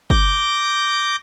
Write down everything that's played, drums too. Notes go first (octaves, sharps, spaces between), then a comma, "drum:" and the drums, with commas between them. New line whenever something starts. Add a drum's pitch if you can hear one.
D6 G6 A#6, drum: kick